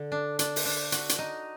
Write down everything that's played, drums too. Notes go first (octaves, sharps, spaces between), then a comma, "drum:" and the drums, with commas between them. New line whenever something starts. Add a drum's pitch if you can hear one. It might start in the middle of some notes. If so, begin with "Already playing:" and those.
Already playing: D3
D4
D4, drum: hi-hat
drum: open hi-hat
D4
F#4, drum: hi-hat
drum: hi-hat
D#4